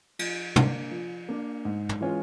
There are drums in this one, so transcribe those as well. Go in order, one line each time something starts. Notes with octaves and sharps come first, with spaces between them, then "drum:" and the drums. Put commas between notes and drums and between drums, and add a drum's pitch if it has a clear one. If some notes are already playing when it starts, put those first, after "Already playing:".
F3, drum: cymbal
A#3 D4, drum: tom
F3
A#3 D4
G#2
drum: tom
E3 G#3 C#4 F4